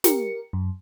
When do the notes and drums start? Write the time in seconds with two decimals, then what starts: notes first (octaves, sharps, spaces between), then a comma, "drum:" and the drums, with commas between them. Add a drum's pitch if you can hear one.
0.04 G4 A#4 C#7, drum: snare
0.53 F#2